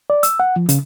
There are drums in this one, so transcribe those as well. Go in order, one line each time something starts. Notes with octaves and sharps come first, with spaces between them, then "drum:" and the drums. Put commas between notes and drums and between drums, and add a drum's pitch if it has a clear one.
D5
E6, drum: hi-hat
F#5
F3
C#3, drum: hi-hat